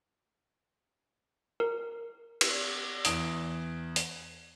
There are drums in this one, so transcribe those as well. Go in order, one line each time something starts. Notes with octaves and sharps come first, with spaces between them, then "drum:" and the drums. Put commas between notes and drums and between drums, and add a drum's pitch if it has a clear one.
A#4
drum: cymbal
E2 D#6 D7, drum: hi-hat
drum: hi-hat